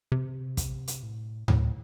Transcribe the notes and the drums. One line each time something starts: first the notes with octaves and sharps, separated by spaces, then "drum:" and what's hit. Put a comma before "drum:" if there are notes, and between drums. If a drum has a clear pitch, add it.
C3
drum: kick, hi-hat
drum: hi-hat
A2
A2, drum: tom D2